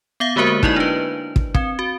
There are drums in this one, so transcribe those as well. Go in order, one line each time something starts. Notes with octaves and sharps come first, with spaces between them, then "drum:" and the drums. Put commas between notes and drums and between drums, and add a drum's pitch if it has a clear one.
B3 E5 F5
D3 G#3 A#3 F#4 A#4 C5
D#4 E4 D5 D#5, drum: kick
D4 B4
drum: kick
C4, drum: kick
F#4